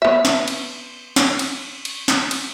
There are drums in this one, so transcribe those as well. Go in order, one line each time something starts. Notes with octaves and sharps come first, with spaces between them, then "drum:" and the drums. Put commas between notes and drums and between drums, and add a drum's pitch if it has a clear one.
B3 E5
drum: snare
drum: cymbal
drum: snare
drum: cymbal
drum: cymbal
drum: snare
drum: cymbal